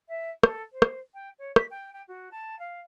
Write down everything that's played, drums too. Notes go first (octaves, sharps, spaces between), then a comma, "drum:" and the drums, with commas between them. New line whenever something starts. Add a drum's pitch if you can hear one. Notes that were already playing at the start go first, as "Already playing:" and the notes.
E5
A4, drum: rim click
C5
drum: rim click
G5
C#5
B6, drum: rim click
G5
G5
F#4
A5
F5